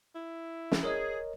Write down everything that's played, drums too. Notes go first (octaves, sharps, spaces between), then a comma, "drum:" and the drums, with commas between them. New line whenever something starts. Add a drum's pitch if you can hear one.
E4
drum: snare
G#4 A#4 C#5 D#5